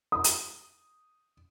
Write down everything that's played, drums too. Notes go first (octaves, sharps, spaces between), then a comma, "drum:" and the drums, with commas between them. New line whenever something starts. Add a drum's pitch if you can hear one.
D#6
drum: hi-hat